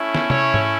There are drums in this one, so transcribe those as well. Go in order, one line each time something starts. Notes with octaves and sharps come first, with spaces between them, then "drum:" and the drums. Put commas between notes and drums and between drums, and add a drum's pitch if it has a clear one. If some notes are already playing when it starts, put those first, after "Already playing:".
Already playing: A3 C#4 E4
drum: snare
C#5, drum: tom C3
drum: tom G#2